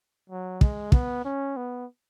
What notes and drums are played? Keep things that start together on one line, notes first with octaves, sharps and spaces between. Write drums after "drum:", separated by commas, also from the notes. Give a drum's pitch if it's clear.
F#3
G#3, drum: kick
B3, drum: kick
C#4
B3